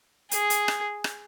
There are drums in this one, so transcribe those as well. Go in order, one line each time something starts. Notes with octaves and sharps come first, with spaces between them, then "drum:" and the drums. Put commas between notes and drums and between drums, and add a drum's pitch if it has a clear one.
G#4, drum: hi-hat
drum: hi-hat
drum: rim click
drum: rim click